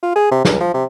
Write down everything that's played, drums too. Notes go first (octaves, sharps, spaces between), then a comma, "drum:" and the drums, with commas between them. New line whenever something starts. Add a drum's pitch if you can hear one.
F4
G#4
C3
C#2, drum: snare
F3
C3